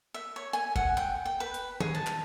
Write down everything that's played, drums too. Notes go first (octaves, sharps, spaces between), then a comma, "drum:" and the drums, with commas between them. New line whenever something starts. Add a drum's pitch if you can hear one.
E5
C#5
G#5
F#5, drum: kick
G5
G5
B4
drum: hi-hat
G#4, drum: tom D#3
A5
drum: clap